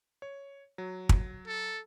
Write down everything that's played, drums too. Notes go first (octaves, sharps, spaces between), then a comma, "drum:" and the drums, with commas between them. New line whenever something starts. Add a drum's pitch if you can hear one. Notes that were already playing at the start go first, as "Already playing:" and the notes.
C#5
F#3
drum: kick
A4